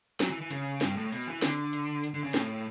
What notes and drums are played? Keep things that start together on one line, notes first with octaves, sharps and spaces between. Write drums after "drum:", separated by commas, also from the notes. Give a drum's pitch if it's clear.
F#3, drum: snare
E3
E3
C#3, drum: hi-hat
G2, drum: snare
A2
B2, drum: hi-hat
E3
D3, drum: snare
drum: hi-hat
drum: hi-hat
D3
C#3
A2, drum: snare